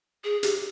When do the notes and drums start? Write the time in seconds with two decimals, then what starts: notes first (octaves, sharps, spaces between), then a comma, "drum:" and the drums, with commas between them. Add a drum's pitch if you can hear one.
0.24 G#4
0.43 G4, drum: hi-hat